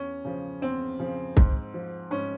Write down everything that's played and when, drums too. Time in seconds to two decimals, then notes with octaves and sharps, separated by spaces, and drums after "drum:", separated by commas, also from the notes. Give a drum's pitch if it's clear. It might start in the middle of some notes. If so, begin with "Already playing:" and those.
Already playing: E2 C#4
0.25 C#3 F3
0.62 E2 C4
0.99 C#3 F3
1.37 G#2, drum: kick C2
1.74 F3
2.11 G#2 C#4